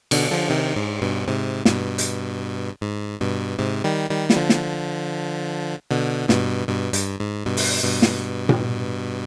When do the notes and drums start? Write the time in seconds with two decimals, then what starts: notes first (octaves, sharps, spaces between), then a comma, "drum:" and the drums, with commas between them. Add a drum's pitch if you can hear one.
0.11 B2 D3, drum: cymbal
0.31 D3 F3
0.50 C3 D#3
0.76 G#2
1.01 G2 B2
1.27 G#2 C3
1.65 G2 B2, drum: snare
1.98 drum: hi-hat
2.81 G#2
3.20 G2 B2
3.59 G#2 C3
3.84 D#3 G3
4.10 D#3 G3
4.30 G3, drum: snare
4.36 D3 F3
4.49 drum: snare
5.91 B2 D3
6.29 G2 B2, drum: snare
6.67 G2 B2
6.93 G2, drum: hi-hat
7.20 G#2
7.46 G2 B2
7.57 drum: open hi-hat
7.84 G2 B2
8.02 drum: snare
8.49 drum: tom A#2